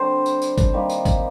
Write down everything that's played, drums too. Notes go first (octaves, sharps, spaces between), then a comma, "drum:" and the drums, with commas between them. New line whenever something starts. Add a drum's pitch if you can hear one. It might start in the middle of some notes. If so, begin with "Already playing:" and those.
Already playing: D3 G3 C4 C5
drum: tambourine
drum: tambourine
drum: kick G#1, tambourine
D#3 G3 A#3
drum: tambourine
drum: kick G#1, tambourine